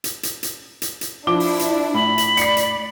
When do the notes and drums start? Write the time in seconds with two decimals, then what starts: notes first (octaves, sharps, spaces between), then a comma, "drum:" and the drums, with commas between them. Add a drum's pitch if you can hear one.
0.04 drum: hi-hat
0.23 drum: hi-hat
0.43 drum: hi-hat
0.82 drum: hi-hat
1.01 drum: hi-hat
1.27 F3 D4 E4 D6 G7
1.40 drum: open hi-hat
1.59 drum: hi-hat
1.94 A2 B5
2.18 drum: hi-hat
2.37 D5 C7 C#7, drum: hi-hat
2.57 drum: hi-hat